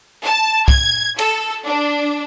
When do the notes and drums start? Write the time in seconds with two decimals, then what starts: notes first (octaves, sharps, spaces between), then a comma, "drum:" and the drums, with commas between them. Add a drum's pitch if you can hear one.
0.24 A5
0.68 G#6, drum: kick
1.19 A4, drum: cymbal
1.66 D4